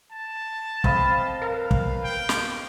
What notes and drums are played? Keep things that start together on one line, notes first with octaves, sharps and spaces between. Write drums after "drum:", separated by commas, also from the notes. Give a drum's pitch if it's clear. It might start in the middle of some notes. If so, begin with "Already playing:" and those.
A5
C4 D#5 F5 B5, drum: kick
A#4 B4 F5
drum: kick
G5
drum: snare